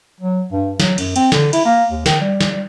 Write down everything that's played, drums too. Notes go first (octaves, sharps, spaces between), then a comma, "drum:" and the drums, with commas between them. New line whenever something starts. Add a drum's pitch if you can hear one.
F#3
G2
F#3, drum: snare
F#2, drum: cymbal
C4, drum: cymbal
D3, drum: snare
E4, drum: cymbal
A#3
D#2
D#3, drum: snare
G3
drum: snare
G3